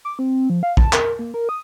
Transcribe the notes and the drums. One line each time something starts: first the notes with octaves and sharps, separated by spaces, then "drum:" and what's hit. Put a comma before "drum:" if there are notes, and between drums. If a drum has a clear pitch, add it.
D6
C4
F3
F5
A5, drum: kick
A#4, drum: clap
A#3
A#4
D#6